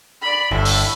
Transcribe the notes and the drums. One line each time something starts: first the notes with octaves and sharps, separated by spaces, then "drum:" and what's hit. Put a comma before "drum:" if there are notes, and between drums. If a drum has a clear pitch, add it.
D5 B5
G1 A2 E5
drum: open hi-hat